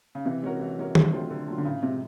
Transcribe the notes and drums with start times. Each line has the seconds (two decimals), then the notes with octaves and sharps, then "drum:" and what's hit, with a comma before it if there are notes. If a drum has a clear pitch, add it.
0.15 C#3
0.25 C3 E3
0.43 G#3 C#4 F#4 A#4
0.60 E3
0.78 G#3 C#4 F#4 A#4
0.95 D3, drum: tom D#3
1.13 F#3 A3 C4 F4
1.31 D3
1.48 F#3 A3 C4 F4
1.58 D3
1.65 A2 C#3
1.83 C3 F3 G#3